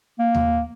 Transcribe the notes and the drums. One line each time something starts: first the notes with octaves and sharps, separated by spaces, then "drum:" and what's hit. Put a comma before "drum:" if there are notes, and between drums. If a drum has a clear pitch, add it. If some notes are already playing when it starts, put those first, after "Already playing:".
A#3
drum: tom D#2